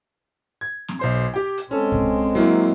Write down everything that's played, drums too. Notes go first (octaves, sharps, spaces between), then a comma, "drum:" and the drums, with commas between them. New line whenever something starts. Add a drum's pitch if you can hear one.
G#6
drum: snare
B1 C5 C6
G4 G5
drum: hi-hat
G#3 C4 C#4 A4
drum: kick C2
F#3 A#3 E4